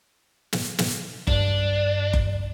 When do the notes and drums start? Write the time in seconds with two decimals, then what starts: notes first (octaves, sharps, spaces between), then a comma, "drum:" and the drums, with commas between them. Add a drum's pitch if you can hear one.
0.53 drum: snare
0.78 drum: snare
1.27 G2 D4, drum: kick F#1
2.13 drum: kick F#1